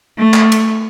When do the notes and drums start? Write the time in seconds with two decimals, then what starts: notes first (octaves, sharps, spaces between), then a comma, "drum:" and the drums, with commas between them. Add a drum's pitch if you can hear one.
0.19 A3
0.34 drum: clap
0.52 drum: cymbal